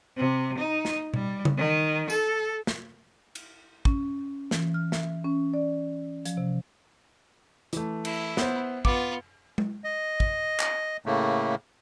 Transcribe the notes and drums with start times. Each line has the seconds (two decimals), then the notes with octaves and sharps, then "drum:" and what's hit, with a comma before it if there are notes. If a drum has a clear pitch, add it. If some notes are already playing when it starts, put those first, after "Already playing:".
0.17 C3
0.58 D#4
0.85 drum: snare
1.14 G3, drum: tom B2
1.45 drum: tom C#3
1.57 D#3
2.10 A4, drum: tambourine
2.67 drum: snare
3.35 drum: cymbal
3.85 C#4, drum: kick
4.51 E3, drum: snare
4.74 F6
4.92 E5, drum: snare
5.24 C#4
5.54 D5
6.25 F3, drum: hi-hat
6.37 C3
7.73 E3 A3, drum: hi-hat
8.05 E4, drum: cymbal
8.37 B3 C5, drum: snare
8.85 B3 F4 D6, drum: kick
9.58 drum: tom G#3
9.84 D#5
10.20 drum: kick
10.60 drum: clap
11.06 A2 C#3 A3 A#3